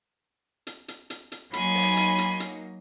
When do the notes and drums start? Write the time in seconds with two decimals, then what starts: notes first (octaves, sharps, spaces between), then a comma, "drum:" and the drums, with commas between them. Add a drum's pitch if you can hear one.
0.67 drum: hi-hat
0.88 drum: hi-hat
1.10 drum: hi-hat
1.32 drum: hi-hat
1.53 F#3 A#3 D#4 G#5 B5 C6, drum: hi-hat
1.75 drum: open hi-hat
1.97 drum: hi-hat
2.18 drum: hi-hat
2.40 drum: hi-hat